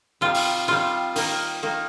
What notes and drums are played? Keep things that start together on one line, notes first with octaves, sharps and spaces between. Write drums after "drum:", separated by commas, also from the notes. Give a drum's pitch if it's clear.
C3 D#3 G3 F4
drum: open hi-hat
C3 D#3 G3 F4
D#3 A#3, drum: open hi-hat
D#3 A#3